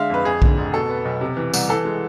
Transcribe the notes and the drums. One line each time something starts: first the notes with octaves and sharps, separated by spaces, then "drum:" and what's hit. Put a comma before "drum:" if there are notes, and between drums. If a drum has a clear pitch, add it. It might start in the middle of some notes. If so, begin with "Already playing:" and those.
Already playing: D3 G#3 E5 F5
F2 B4
F2 G#4
D3, drum: kick B1
F1
B2 A4
B3
B1
C3
E3
C2, drum: tambourine
E3 A4
G#3